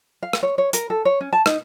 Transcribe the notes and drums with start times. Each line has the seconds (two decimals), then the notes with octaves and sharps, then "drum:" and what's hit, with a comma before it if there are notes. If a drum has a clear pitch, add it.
0.23 F5
0.33 drum: rim click
0.43 C#5
0.58 C#5
0.73 A#4, drum: hi-hat
0.90 A4
1.05 C#5
1.21 C#4
1.33 A5
1.46 D#4, drum: rim click